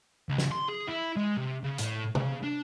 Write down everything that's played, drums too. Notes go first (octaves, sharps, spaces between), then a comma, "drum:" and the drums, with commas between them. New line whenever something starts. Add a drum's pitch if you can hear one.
C#2
drum: snare
C6
G#4
E4
G#3
C3
C#3
A2, drum: hi-hat
C#3, drum: tom C3
D4